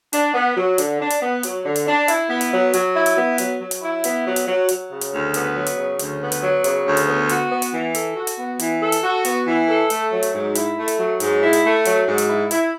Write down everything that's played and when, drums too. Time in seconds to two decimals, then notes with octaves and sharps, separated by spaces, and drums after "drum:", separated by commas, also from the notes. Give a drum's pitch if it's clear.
0.13 D4, drum: hi-hat
0.34 B3
0.56 F#3
0.78 D3, drum: hi-hat
1.00 D4
1.10 drum: hi-hat
1.21 B3
1.43 F#3, drum: hi-hat
1.65 D3
1.76 drum: hi-hat
1.86 D4
2.08 E4, drum: hi-hat
2.30 B3
2.41 drum: hi-hat
2.52 F#3
2.73 F#3, drum: hi-hat
2.95 E4
3.06 drum: hi-hat
3.17 B3
3.38 F#3, drum: hi-hat
3.60 F#3
3.71 drum: hi-hat
3.82 E4
4.04 B3, drum: hi-hat
4.26 F#3
4.36 drum: hi-hat
4.47 F#3
4.69 F#3, drum: hi-hat
4.91 C#3
5.01 drum: hi-hat
5.12 D2
5.34 B3, drum: hi-hat
5.55 F#3
5.66 drum: hi-hat
5.77 C#3
5.99 D2, drum: hi-hat
6.21 B3
6.32 drum: hi-hat
6.42 F#3
6.64 C#3, drum: hi-hat
6.86 D2
6.97 drum: hi-hat
7.08 B3
7.29 F#4, drum: hi-hat
7.51 B3
7.62 drum: hi-hat
7.72 E3
7.95 A4, drum: hi-hat
8.16 F#4
8.27 drum: hi-hat
8.38 B3
8.59 E3, drum: hi-hat
8.81 A4
8.92 drum: hi-hat
9.03 F#4
9.25 B3, drum: hi-hat
9.47 E3
9.68 A4
9.90 A3, drum: hi-hat
10.12 F#3
10.23 drum: hi-hat
10.33 G#2
10.55 E4, drum: hi-hat
10.77 A3
10.88 drum: hi-hat
10.99 F#3
11.20 G#2, drum: hi-hat
11.41 E4
11.53 drum: hi-hat
11.64 A3
11.85 F#3, drum: hi-hat
12.07 G#2
12.18 drum: hi-hat
12.29 E4
12.51 E4, drum: hi-hat